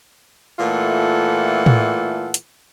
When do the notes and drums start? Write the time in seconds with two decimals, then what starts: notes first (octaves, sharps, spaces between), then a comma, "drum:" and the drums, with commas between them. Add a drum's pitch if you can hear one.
0.59 A#2 E3 A3 F4 A4 F#5
1.66 drum: tom A2
2.34 drum: hi-hat